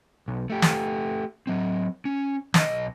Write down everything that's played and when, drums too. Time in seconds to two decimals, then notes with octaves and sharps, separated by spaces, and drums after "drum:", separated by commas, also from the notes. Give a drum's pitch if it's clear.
0.28 B1
0.50 A3 G4
0.62 drum: snare
1.47 F#3 C4
2.05 C#4
2.54 B1 D#5, drum: snare